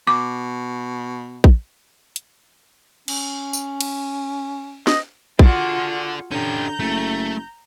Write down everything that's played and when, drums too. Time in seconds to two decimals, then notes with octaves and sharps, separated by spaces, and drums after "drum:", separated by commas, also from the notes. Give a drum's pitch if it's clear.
0.07 B2 D6
1.44 drum: kick
2.16 drum: hi-hat
3.08 C#4, drum: cymbal
3.53 drum: tambourine
3.81 drum: cymbal
4.87 D#5, drum: snare
5.39 F4 F#4 G#4 A4 D5, drum: kick
6.31 D3 C#4 G4 A#5 G6
6.80 F#1 A3